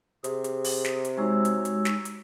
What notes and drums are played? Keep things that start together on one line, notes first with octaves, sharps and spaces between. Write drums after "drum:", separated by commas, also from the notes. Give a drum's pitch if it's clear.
C3 G#4, drum: hi-hat
drum: hi-hat
drum: open hi-hat
drum: snare
drum: hi-hat
G#3 D#4 F#4 C#5 E6
drum: hi-hat
drum: hi-hat
drum: snare
drum: hi-hat